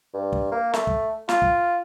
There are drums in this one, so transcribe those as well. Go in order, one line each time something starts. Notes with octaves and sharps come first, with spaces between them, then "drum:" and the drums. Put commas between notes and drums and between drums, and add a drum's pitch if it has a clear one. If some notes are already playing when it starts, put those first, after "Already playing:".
G2
drum: kick
A#3
A3, drum: snare
drum: kick
F4, drum: snare
drum: kick